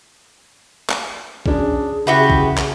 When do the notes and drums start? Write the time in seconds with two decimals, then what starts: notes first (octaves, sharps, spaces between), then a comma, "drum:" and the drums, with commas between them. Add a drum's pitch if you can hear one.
0.90 drum: clap
1.46 C#4 D4 G#4, drum: kick A#1
2.07 C#3 E4 F#4 G4 B4 E5 F#5
2.30 drum: kick A#1
2.58 drum: clap